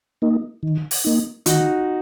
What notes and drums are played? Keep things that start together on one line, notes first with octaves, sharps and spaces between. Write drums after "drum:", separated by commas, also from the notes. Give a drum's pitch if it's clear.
A#3 D#4
D#3
drum: open hi-hat
A#3 D#4
D#3 D#4 F#4, drum: hi-hat